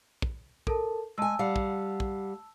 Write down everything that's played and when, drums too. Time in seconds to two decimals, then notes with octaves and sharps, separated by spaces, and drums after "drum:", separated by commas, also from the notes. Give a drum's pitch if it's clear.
0.22 drum: kick
0.67 A4 A#4 A5, drum: kick
1.18 G#3 G#5 A5 E6
1.39 G3 F5 F#5
1.56 drum: kick
2.00 drum: kick